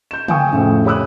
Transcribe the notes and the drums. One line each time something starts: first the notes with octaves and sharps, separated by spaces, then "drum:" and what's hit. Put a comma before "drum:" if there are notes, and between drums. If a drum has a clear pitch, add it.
G6 E7
F5 G5 G#5 C#6 D#6, drum: tom C#3
F2 A2 C#3 C4
G4 C#5 B5 D#6 E6 F#6